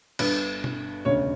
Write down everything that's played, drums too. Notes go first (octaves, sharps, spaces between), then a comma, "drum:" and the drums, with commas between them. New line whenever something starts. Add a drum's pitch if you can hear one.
G1 G2 D3 B4, drum: cymbal
drum: tom B2
E1 D2 C#3 C#5